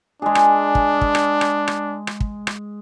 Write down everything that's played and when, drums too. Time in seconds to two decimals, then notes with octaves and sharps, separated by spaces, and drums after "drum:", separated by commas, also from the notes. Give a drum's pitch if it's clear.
0.22 G#3 D4 G#4
0.35 drum: rim click
0.75 drum: kick
1.01 drum: kick
1.15 drum: rim click
1.41 drum: rim click
1.68 drum: rim click
2.07 drum: rim click
2.20 drum: kick
2.47 drum: rim click